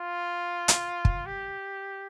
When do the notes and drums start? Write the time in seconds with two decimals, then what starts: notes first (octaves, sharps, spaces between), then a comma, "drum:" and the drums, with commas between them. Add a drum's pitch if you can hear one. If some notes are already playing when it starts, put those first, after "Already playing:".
Already playing: F4
0.68 drum: hi-hat
1.05 drum: kick
1.26 G4